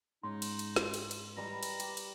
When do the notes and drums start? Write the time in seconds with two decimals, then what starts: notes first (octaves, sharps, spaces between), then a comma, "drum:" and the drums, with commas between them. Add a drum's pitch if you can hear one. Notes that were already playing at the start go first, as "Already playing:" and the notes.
0.23 G#2 G#3 C#4 D#4 C6
0.42 drum: cymbal
0.59 drum: cymbal
0.76 drum: snare
0.94 drum: cymbal
1.11 drum: cymbal
1.37 G3 B4 A#5
1.63 drum: cymbal
1.80 G4, drum: cymbal
1.97 drum: cymbal